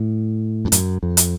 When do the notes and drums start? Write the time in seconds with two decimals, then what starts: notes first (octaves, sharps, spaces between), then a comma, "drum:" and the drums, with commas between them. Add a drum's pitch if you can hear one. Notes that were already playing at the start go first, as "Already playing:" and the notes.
Already playing: A2
0.65 F2
0.72 F#2, drum: hi-hat
1.03 F2
1.17 drum: hi-hat